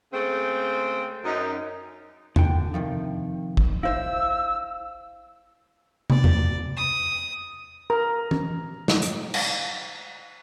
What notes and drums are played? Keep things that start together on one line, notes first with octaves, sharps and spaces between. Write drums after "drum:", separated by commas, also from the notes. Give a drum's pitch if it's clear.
C#3 G#3 A3 C4
F#2 D#4
D3 G5, drum: tom E2
C3 D#3 F3
drum: kick
E4 C5 E5 F5 E6
D5, drum: tom
drum: tom E2
D#6
A#4 A#5
drum: tom E3
drum: snare
drum: hi-hat
drum: cymbal